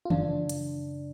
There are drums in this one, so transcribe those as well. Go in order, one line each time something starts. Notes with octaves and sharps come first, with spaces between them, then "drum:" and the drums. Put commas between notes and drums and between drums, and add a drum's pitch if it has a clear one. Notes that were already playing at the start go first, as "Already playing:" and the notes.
F4
F#2 C#3 D4, drum: tom D#3
drum: hi-hat